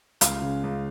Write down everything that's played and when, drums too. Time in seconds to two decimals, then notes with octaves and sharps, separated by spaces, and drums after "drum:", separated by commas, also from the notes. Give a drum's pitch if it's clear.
0.21 C#2 F5, drum: hi-hat
0.42 C#3
0.63 C#2